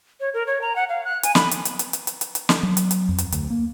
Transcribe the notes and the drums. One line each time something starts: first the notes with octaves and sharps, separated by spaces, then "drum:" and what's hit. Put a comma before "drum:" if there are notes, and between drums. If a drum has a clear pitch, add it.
C#5
A#4
C#5
A#5
F#5
F5
F#6
G#5, drum: hi-hat
B5, drum: snare
drum: hi-hat
drum: hi-hat
drum: hi-hat
drum: hi-hat
drum: hi-hat
drum: hi-hat
drum: hi-hat
drum: snare
F#3
drum: hi-hat
drum: hi-hat
F2
drum: hi-hat
D2, drum: hi-hat
A#3